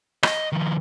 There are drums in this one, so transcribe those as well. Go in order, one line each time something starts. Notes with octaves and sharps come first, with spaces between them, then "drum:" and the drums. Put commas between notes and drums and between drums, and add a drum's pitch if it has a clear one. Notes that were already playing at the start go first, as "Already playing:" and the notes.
D#5, drum: rim click
D#3 F3